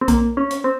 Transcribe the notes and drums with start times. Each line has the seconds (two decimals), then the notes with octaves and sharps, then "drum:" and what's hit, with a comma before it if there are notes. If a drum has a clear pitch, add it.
0.01 C4
0.08 A#3, drum: kick B1, hi-hat
0.37 C#4
0.51 drum: hi-hat
0.64 C4